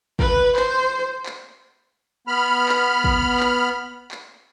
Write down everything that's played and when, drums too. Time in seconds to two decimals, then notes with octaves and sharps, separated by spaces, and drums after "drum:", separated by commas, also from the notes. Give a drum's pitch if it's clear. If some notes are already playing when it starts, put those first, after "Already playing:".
0.19 B4, drum: kick
0.56 C5, drum: clap
1.26 drum: clap
2.27 B3 B5 F6
2.69 drum: clap
3.04 drum: kick
3.40 drum: clap
4.11 drum: clap